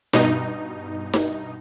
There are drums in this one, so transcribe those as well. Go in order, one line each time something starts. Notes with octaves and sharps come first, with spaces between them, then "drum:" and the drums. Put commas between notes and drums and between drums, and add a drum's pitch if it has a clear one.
G2 B2 D#4, drum: snare D#4
drum: snare D#4